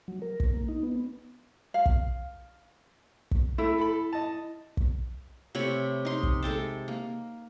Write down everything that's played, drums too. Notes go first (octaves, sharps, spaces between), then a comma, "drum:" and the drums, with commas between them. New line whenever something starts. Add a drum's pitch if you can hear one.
F#3
A#4
drum: kick
A#3
D#4
B3
F5
drum: kick
drum: kick
A3 E4
A4 B5
D#5 A5
drum: kick
C3 A3 C#5 B5
D#4 C6
drum: kick
G#3 A4 G5 A5
A#3